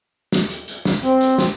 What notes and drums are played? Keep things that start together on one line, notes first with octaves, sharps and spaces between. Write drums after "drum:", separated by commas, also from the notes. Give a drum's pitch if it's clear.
drum: snare
drum: hi-hat
drum: hi-hat
drum: snare
C4, drum: hi-hat
drum: hi-hat
drum: snare